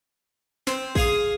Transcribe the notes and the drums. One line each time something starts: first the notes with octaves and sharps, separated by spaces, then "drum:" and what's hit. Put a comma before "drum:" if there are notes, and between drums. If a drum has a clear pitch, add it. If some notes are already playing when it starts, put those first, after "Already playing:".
C4, drum: snare
G#4 F5 D#6, drum: kick A1